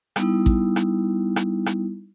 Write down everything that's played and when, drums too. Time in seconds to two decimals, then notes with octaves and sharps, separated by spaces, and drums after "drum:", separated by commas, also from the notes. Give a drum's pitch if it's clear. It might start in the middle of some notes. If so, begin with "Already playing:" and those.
0.16 G3 B3 D#4 E4, drum: rim click
0.46 drum: kick A1
0.76 drum: rim click
1.36 drum: rim click
1.66 drum: rim click